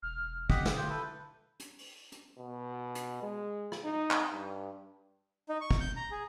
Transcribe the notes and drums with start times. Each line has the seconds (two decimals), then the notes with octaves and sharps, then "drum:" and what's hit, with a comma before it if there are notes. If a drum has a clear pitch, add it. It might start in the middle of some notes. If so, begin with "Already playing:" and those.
0.03 E1 F6
0.50 D3 G4 D#5 F#5 B6, drum: kick
0.65 E5, drum: snare
0.77 F4 G4 G6
0.90 E4 A4 B4
1.60 drum: hi-hat
1.79 drum: open hi-hat
2.12 drum: hi-hat
2.38 B2
2.95 drum: hi-hat
3.22 G#3
3.72 drum: rim click
3.85 D#4
4.11 drum: clap
4.32 G2
5.49 D#4
5.61 C#6
5.71 drum: kick
5.81 G6
5.96 A#5
6.11 G#4